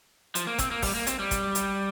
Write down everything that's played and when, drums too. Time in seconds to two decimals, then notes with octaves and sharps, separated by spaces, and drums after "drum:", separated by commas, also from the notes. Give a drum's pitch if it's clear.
0.35 F3, drum: hi-hat
0.47 A#3
0.58 C4, drum: kick G1, hi-hat
0.71 A#3
0.82 G3, drum: kick G1, open hi-hat
0.95 A#3
1.07 C4, drum: hi-hat
1.19 G3
1.31 drum: kick G1, hi-hat
1.55 drum: hi-hat